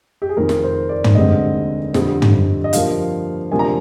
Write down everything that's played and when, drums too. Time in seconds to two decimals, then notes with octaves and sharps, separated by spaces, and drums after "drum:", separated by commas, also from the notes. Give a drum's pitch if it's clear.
0.22 G4
0.29 G#4
0.37 F1 F2 D#3 A#4
0.49 drum: snare
0.63 C5
0.89 D5
1.04 drum: tom
1.15 F1 D#2 D3 G#3 C4 D#5
1.94 F2 D3 G3 C4, drum: snare
2.22 drum: tom
2.64 D#5
2.73 G2 F3 A#3 F5, drum: hi-hat
3.52 D2 C3 F3 A#3 D4 G#5
3.59 A#5